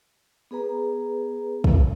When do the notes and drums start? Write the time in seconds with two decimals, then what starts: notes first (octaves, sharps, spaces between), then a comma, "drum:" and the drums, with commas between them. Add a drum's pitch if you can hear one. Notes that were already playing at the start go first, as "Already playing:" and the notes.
0.51 B3 G#4 B4 A#5
1.64 drum: kick